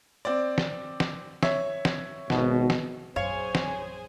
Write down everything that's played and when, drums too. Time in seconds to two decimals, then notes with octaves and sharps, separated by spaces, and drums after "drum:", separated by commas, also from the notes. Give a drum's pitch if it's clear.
0.25 C4 D5
0.58 drum: snare
1.00 drum: snare
1.43 C#5 E5, drum: snare
1.85 drum: snare
2.30 G#1 B2, drum: snare
2.70 drum: snare
3.16 A#1 F#2 G#4 C5 C#5 F5 G#5
3.55 drum: snare